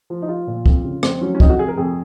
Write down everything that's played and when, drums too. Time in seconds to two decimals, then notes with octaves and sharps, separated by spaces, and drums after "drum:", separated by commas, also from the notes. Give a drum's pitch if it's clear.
0.10 F3
0.22 D#4
0.28 F3 F4
0.47 A#2
0.66 F2, drum: kick
0.84 C#3
1.03 F2 C4, drum: rim click
1.21 F#3 C#4
1.35 C#4
1.40 F2 D#4, drum: kick
1.50 F#4
1.59 C3 G#4
1.68 A#4
1.77 F2 G#4